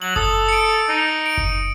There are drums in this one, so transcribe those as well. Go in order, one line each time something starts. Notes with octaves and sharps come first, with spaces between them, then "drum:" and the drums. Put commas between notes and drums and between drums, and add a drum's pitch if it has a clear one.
F#3 F#7
A4 D#6, drum: kick F#1
C#7 D7
D#4
D7
drum: kick F#1